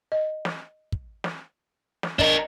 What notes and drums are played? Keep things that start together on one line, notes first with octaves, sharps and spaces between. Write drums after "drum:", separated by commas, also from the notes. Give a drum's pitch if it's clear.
D#5
drum: snare
drum: kick
drum: snare
drum: snare
D4 A#4 D#5, drum: kick